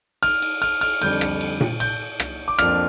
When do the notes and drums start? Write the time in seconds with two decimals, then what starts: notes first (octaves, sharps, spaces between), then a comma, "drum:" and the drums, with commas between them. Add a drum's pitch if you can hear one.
0.23 F6, drum: cymbal
0.42 drum: cymbal
0.62 F6, drum: cymbal
0.81 F6, drum: cymbal
1.01 F2 D3 G3 D4 G6, drum: cymbal
1.21 drum: rim click
1.41 drum: cymbal
1.61 drum: tom A#2
1.80 G6, drum: cymbal
2.20 drum: rim click
2.48 D6
2.59 F2 F3 A#3 D4 F6, drum: rim click